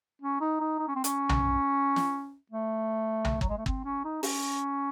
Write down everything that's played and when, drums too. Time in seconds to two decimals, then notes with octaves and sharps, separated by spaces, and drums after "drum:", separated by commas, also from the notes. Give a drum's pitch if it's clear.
0.21 C#4
0.41 D#4
0.61 D#4
0.79 D#4
0.88 C#4
0.96 C4
1.04 C#4, drum: hi-hat
1.29 drum: tom B1
1.96 drum: snare
2.51 A3
3.25 drum: tom B1
3.41 F#3, drum: kick
3.49 G#3
3.58 A3
3.66 C4, drum: kick
3.85 C#4
4.04 D#4
4.23 C#4, drum: open hi-hat